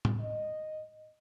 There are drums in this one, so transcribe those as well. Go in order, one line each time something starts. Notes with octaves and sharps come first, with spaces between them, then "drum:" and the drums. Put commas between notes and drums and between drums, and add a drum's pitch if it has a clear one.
drum: tom
D#5